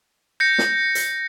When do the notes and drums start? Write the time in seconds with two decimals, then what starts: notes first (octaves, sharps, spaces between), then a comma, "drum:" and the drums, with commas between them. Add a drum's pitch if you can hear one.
0.40 G6 A#6 C#7
0.58 drum: snare
0.95 drum: hi-hat